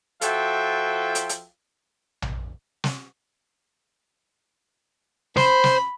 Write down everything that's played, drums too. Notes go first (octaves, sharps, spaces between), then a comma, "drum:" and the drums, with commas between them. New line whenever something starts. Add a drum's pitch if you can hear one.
F3 F4 F#4 A4 E5 G5, drum: hi-hat
drum: hi-hat
drum: hi-hat
drum: tom A#1
drum: snare
C5 B5, drum: snare
drum: snare